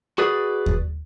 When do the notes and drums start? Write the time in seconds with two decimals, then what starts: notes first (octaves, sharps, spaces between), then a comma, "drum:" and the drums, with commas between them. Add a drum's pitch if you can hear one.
0.18 F#4 G#4 B4 D5
0.66 drum: kick D#2